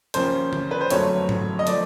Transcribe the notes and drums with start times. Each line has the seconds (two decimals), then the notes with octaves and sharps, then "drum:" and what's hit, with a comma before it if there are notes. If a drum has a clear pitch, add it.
0.14 D#2 C#3 F3 A#3 C#4 C5, drum: hi-hat
0.53 drum: tom D3
0.71 B4
0.81 C5
0.90 F#1 F2 D3 F#3 A3 C#5, drum: hi-hat
1.29 drum: tom G#2
1.59 D#5
1.67 F3 A3 D5, drum: hi-hat